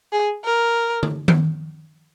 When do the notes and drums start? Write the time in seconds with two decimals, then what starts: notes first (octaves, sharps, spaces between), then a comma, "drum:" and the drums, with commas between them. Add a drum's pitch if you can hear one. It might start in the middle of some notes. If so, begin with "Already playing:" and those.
0.13 G#4
0.44 A#4
1.03 drum: tom D3
1.28 drum: tom D#3